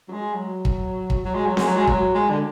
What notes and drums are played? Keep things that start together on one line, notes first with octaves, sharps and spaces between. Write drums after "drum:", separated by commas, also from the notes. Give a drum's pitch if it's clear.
F#3
G#3
F#3
drum: kick
drum: kick
F#3
G#3
F#3
G#3, drum: snare C4
F#3
G#3
F#3, drum: kick
G#3
D3